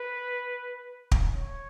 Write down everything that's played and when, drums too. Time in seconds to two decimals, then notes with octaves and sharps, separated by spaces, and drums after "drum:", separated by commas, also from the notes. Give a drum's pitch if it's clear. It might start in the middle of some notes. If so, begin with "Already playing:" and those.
Already playing: B4
1.11 drum: kick
1.34 C#5